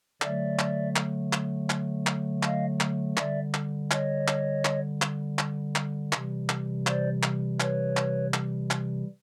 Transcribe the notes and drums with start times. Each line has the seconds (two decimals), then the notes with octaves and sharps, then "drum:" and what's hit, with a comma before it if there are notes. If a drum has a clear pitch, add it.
0.22 D3 F#3 A3 D5 E5, drum: clap
0.59 drum: clap
0.96 drum: clap
1.33 drum: clap
1.70 drum: clap
2.07 drum: clap
2.43 D#5 F5, drum: clap
2.80 drum: clap
3.17 D3 G3 D5 E5, drum: clap
3.54 drum: clap
3.91 C#5 D#5, drum: clap
4.28 drum: clap
4.65 drum: clap
5.02 drum: clap
5.39 drum: clap
5.76 drum: clap
6.13 C3 E3 G3, drum: clap
6.49 drum: clap
6.87 C5 D5, drum: clap
7.23 drum: clap
7.60 B4 C#5, drum: clap
7.97 drum: clap
8.34 drum: clap
8.71 drum: clap